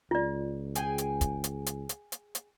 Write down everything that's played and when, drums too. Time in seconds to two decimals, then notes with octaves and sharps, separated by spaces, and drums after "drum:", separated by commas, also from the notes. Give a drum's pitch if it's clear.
0.11 C#2 F4 D5
0.75 G#4 G5 G#5, drum: hi-hat
0.98 drum: hi-hat
1.21 drum: kick, hi-hat
1.44 drum: hi-hat
1.66 drum: hi-hat
1.89 drum: hi-hat
2.12 drum: hi-hat
2.35 drum: hi-hat